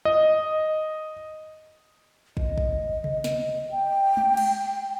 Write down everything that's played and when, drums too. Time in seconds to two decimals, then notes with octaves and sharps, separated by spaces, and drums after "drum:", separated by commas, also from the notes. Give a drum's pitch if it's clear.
0.05 D#5
2.37 D#5, drum: kick
2.58 drum: kick
3.04 drum: tom C3
3.24 drum: snare
3.71 G5
4.17 drum: tom G#3
4.37 drum: cymbal